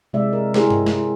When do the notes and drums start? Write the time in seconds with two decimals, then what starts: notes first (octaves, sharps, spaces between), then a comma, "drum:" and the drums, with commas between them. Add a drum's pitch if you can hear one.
0.13 C3 G#3 D5 E5
0.33 A#4
0.54 E4 G4 G#4 A#4 C5 D5, drum: snare
0.70 drum: tom G2
0.86 drum: snare